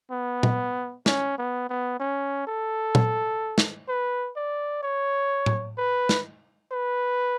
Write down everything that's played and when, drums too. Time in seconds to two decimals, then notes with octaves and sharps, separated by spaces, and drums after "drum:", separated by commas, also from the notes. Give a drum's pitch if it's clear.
0.11 B3
0.43 drum: tom A#2
1.06 C#4, drum: snare
1.38 B3
1.69 B3
2.00 C#4
2.47 A4
2.95 drum: tom A#2
3.58 drum: snare
3.89 B4
4.36 D5
4.83 C#5
5.46 drum: tom A2
5.78 B4
6.09 drum: snare
6.72 B4